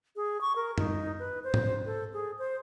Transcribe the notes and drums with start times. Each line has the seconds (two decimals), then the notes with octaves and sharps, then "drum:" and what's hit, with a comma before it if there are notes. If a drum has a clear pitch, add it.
0.16 G#4
0.41 C#6
0.56 A#4
0.78 D#4, drum: tom F#2
1.19 B4
1.44 C5
1.54 drum: tom G#2
1.85 A4
2.13 G#4
2.39 C5